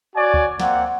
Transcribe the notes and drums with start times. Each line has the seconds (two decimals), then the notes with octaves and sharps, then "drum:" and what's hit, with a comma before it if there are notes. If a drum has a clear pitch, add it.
0.16 F#4 C#5 D5 G#5
0.34 drum: kick D2
0.60 A#3 C4 F#5, drum: snare